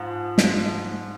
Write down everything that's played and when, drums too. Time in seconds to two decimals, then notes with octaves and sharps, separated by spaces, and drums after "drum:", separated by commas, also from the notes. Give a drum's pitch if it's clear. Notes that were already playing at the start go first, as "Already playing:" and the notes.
Already playing: G#2 F3
0.38 drum: snare